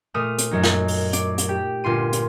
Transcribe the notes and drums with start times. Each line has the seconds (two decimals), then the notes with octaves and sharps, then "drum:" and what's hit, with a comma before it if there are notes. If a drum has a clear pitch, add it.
0.14 A#2 A3 D#6 F6
0.38 drum: hi-hat
0.51 F#2 F#3 D#4
0.63 drum: snare
0.88 drum: open hi-hat
1.13 D5, drum: hi-hat
1.38 drum: hi-hat
1.49 G4
1.84 G1 A#2 F4 C6 D#7
2.13 drum: hi-hat